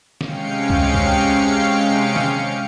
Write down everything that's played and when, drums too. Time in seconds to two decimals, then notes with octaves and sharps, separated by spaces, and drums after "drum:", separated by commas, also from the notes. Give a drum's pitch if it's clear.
0.21 C3 G#3 C#4 F5 G5 C#7, drum: snare
0.70 drum: kick C#2
0.94 drum: kick C#2
2.16 drum: snare